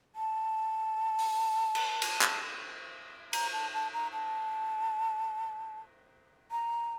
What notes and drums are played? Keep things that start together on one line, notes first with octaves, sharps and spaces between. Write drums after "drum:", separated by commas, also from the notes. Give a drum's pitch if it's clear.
A5
drum: open hi-hat
drum: cymbal
drum: cymbal
drum: clap
A#5, drum: cymbal
A5
A5
A#5
A5
A#5